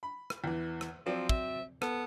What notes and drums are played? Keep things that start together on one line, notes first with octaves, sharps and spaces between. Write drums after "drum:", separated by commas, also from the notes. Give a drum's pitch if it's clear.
B5
drum: rim click
E2 E3
drum: rim click
F3 F#3 C4 D5
E5, drum: kick
B3 A4, drum: rim click